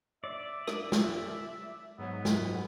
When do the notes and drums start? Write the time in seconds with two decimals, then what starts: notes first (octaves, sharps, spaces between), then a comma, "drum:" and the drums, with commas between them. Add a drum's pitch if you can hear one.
0.24 D5 E5
0.67 drum: rim click
0.92 drum: snare
1.98 G#2 F#3 B3
2.25 drum: snare